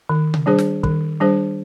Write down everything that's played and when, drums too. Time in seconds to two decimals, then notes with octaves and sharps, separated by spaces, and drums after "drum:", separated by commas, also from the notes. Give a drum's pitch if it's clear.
0.09 D#3
0.34 drum: tom C3
0.46 G3 D4 G#4 C5
0.58 drum: snare
0.83 D#3, drum: kick
1.20 G3 D4 G#4 C5